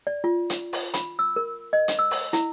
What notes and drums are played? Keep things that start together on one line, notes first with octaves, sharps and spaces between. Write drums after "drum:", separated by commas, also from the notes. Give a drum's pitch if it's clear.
D5
F4
drum: hi-hat
drum: open hi-hat
B5, drum: hi-hat
E6
A#4
D#5
drum: hi-hat
E6
drum: open hi-hat
E4, drum: hi-hat